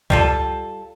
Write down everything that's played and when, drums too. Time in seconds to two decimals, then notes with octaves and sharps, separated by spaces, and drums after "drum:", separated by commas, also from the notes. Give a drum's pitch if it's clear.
0.10 G3 F4 A4, drum: kick C#2